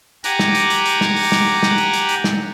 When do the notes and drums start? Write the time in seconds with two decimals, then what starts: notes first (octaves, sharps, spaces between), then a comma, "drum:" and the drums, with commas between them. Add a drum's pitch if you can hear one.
0.24 G4 F#5 G#5 A#5 D6, drum: hi-hat
0.39 drum: snare
0.55 drum: hi-hat
0.70 drum: hi-hat
0.86 drum: hi-hat
1.01 drum: snare
1.16 drum: open hi-hat
1.32 drum: snare
1.63 drum: snare
1.78 drum: hi-hat
1.93 drum: hi-hat
2.09 drum: hi-hat
2.24 drum: snare